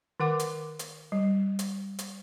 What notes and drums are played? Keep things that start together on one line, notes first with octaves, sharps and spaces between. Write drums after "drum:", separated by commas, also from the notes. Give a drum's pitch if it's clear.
D#3 A#4 F#5 D6
drum: hi-hat
drum: hi-hat
G3
drum: hi-hat
drum: hi-hat